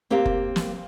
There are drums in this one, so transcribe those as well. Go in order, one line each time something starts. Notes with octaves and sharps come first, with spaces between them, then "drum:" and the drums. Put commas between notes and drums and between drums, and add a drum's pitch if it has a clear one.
A#3 C4 G4 A#4 F5
drum: kick F#1
drum: snare